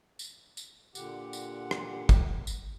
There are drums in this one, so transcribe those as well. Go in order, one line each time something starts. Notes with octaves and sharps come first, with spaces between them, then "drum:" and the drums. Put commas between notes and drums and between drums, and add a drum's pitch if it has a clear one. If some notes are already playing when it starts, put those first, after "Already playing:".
drum: tambourine
drum: tambourine
A#2 D3 G4 F#5, drum: tambourine
drum: tambourine
drum: rim click
drum: kick, tambourine
drum: tambourine